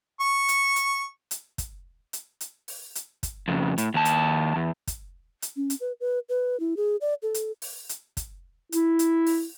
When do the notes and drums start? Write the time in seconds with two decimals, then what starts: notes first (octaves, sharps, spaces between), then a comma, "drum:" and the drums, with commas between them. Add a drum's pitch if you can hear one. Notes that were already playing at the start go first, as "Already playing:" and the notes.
0.21 C#6
0.48 drum: hi-hat
0.76 drum: hi-hat
1.31 drum: hi-hat
1.58 drum: kick, hi-hat
2.13 drum: hi-hat
2.41 drum: hi-hat
2.68 drum: open hi-hat
2.95 drum: hi-hat
3.23 drum: kick, hi-hat
3.48 F2 C#3
3.78 A2, drum: hi-hat
3.94 D#2 A5
4.05 drum: hi-hat
4.56 E2
4.87 drum: kick, hi-hat
5.42 drum: hi-hat
5.56 C#4
5.70 drum: hi-hat
5.80 B4
6.00 B4
6.29 B4
6.60 E4
6.77 G#4
7.01 D5
7.23 A4
7.34 drum: hi-hat
7.62 drum: open hi-hat
7.89 drum: hi-hat
8.17 drum: kick, hi-hat
8.72 E4, drum: hi-hat
8.99 drum: hi-hat
9.27 drum: open hi-hat